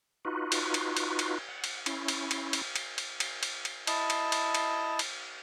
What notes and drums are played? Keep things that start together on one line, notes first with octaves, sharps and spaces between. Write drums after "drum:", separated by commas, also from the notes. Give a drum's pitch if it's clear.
D#4 F4 F#4 B4
drum: cymbal
drum: cymbal
drum: cymbal
drum: cymbal
F#5
drum: cymbal
C#4 E4, drum: cymbal
drum: cymbal
drum: cymbal
drum: cymbal
drum: cymbal
drum: cymbal
drum: cymbal
drum: cymbal
drum: cymbal
E4 D#5 A5, drum: cymbal
drum: cymbal
drum: cymbal
drum: cymbal
drum: cymbal